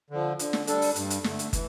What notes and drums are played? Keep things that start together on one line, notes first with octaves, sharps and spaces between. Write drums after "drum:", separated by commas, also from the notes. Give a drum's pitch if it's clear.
D3 F3
D3, drum: hi-hat
drum: snare
G3 D4 A4, drum: hi-hat
drum: open hi-hat
G2, drum: hi-hat
drum: hi-hat
D3 A3, drum: snare
drum: hi-hat
E3, drum: kick, hi-hat